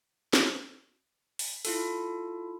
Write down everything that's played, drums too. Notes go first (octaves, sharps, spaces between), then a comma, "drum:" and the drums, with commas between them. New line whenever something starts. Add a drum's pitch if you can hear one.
drum: snare
drum: open hi-hat
E4 F4 A4, drum: open hi-hat